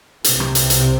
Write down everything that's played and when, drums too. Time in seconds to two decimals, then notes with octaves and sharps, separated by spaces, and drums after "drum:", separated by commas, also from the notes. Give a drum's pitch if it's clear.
0.24 C2 C3, drum: hi-hat
0.40 drum: rim click
0.55 drum: hi-hat
0.70 drum: hi-hat